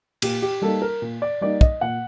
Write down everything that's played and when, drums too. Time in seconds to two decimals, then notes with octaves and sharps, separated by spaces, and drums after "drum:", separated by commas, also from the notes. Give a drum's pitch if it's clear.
0.22 A#2 G4, drum: cymbal
0.42 G4
0.62 G3 A#3 D#4 A4
0.82 A#4
1.02 A#2
1.22 D5
1.41 G3 A#3 D#4 D5
1.61 D#5, drum: kick
1.81 A#2 F#5